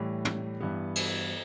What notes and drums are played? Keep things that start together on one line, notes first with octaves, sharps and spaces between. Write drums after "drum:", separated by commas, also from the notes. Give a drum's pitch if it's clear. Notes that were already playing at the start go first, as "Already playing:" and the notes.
Already playing: A2 E3 G3
drum: tom
G2 E3 B3
drum: cymbal